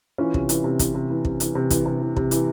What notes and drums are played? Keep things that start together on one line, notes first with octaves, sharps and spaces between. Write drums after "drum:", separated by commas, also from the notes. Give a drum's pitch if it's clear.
E3 C#4 F4
C3, drum: kick
E3, drum: hi-hat
C3
E3, drum: kick, hi-hat
C3
E3
C3, drum: kick
E3, drum: hi-hat
C3
E3, drum: kick, hi-hat
C3
E3
C3, drum: kick
E3, drum: hi-hat